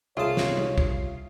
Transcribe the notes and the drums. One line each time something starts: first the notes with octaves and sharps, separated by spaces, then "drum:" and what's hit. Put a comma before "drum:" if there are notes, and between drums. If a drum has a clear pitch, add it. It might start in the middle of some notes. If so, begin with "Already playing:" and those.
C2 F4 G#4 C#5 E5 A5
drum: snare
drum: tom G3
drum: kick A#1